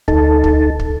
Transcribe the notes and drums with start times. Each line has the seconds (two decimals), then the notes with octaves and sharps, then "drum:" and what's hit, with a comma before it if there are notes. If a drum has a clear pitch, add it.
0.08 D2 D#4 A4 A5, drum: kick
0.44 drum: kick
0.79 drum: kick